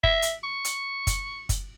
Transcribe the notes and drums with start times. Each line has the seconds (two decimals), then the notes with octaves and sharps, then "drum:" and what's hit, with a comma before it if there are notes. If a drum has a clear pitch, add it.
0.04 E5, drum: kick
0.22 drum: hi-hat
0.43 C#6
0.65 drum: hi-hat
1.07 drum: kick, hi-hat
1.49 drum: kick, hi-hat